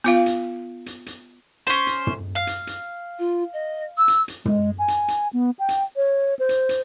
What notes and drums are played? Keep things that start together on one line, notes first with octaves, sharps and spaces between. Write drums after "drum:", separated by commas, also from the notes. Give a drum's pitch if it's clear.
B3 F4 F5, drum: hi-hat
drum: hi-hat
drum: hi-hat
drum: hi-hat
C#4 C5, drum: hi-hat
drum: hi-hat
drum: tom
F5
drum: hi-hat
drum: hi-hat
F4
D#5
E6
drum: hi-hat
drum: hi-hat
G#3, drum: tom
G#5
drum: hi-hat
drum: hi-hat
B3
G5
drum: hi-hat
C#5
C5
drum: hi-hat
drum: hi-hat